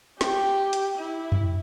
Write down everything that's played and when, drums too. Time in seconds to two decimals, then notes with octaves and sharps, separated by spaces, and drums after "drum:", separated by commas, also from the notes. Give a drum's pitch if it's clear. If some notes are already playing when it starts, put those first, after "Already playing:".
0.21 G4, drum: snare
0.73 drum: hi-hat
0.98 E4
1.32 drum: tom F2